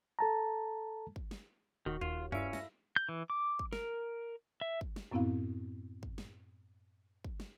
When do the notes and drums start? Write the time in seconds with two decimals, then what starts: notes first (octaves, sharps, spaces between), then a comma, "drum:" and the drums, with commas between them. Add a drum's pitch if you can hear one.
0.19 A4 A5 A#5
1.16 drum: kick
1.31 drum: snare
1.86 D#1 D#3 F#4
2.01 D#2 F4
2.32 G2 C#4 E4 E5 F5 D7
2.53 E5 A#6, drum: snare
2.96 G6
3.09 E3
3.30 D6
3.59 drum: kick
3.73 A#4, drum: snare
4.61 E5
4.81 drum: kick
4.96 drum: snare
5.12 F#2 A2 B3 C4 E4 F5
6.03 drum: kick
6.18 drum: snare
7.24 drum: kick
7.40 drum: snare